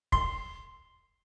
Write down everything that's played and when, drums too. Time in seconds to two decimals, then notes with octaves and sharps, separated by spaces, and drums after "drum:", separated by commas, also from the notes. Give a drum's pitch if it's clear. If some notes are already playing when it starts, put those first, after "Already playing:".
0.12 C6, drum: kick